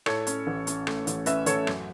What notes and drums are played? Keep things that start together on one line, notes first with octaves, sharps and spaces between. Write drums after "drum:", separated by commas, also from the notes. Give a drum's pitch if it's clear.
A2 A4 C#5, drum: rim click
C#4, drum: hi-hat
A1
C#4, drum: hi-hat
A3, drum: rim click
A1, drum: hi-hat
C#4 B4 E5, drum: hi-hat
A1 A4 C#5, drum: hi-hat
F#2, drum: rim click